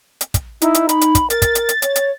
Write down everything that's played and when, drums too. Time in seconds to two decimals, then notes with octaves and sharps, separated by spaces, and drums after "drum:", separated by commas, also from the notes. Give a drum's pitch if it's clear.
0.21 drum: hi-hat
0.34 drum: kick, hi-hat
0.61 D#4 E4, drum: hi-hat
0.74 drum: hi-hat
0.89 B5, drum: hi-hat
1.01 drum: hi-hat
1.15 drum: kick, hi-hat
1.30 A#4 A6, drum: hi-hat
1.42 drum: kick, hi-hat
1.55 drum: hi-hat
1.69 drum: hi-hat
1.82 C#5, drum: hi-hat
1.96 drum: hi-hat